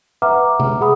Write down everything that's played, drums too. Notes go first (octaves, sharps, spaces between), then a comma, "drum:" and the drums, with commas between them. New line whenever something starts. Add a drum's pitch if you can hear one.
B4 E5 F#5 A#5 D6 F6
drum: tom C3
G#4 F#5 B5 D#6